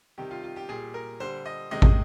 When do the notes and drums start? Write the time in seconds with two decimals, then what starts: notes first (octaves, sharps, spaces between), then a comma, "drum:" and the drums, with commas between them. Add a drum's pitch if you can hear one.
0.18 C3 D#3 G3 G4
0.31 F4
0.43 F4
0.56 G4
0.69 A#2 G3 G#4
0.94 A#4
1.20 D3 G3 C5
1.46 D#5
1.71 C3 D#3 G#3 D#5
1.82 drum: kick